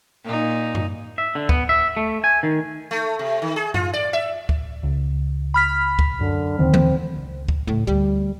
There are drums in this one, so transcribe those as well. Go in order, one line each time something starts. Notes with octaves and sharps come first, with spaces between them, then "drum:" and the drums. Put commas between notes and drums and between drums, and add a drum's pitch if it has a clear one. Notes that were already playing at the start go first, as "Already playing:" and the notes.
A#2 D#4
drum: tom F#2
E5
D3
B3, drum: kick
E5
A3
G#5
D#3
A3
C3
D#3
G#4
F4, drum: tom F#2
D5
E5
drum: kick
C#2
B5 F6 B6
drum: kick
F#2 D3
D#1 D3 D#3 C4
drum: tom E3
C#2
drum: kick
A2 C#3 G3
D2 G3